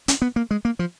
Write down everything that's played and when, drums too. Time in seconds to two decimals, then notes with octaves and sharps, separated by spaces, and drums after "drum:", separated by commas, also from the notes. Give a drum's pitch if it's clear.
0.08 C#4, drum: hi-hat
0.22 B3
0.36 A#3
0.51 G#3
0.65 A#3
0.79 F3